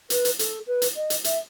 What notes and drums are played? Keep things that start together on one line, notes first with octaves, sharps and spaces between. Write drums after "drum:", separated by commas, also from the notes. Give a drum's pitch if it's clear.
B4, drum: hi-hat
drum: hi-hat
A4, drum: hi-hat
B4
drum: hi-hat
D#5
drum: hi-hat
E5, drum: hi-hat